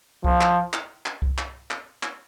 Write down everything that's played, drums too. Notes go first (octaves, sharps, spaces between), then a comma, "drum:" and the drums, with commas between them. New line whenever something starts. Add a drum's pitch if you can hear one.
F3, drum: kick C2
drum: clap
drum: clap
drum: clap
drum: kick C2
drum: clap
drum: clap
drum: clap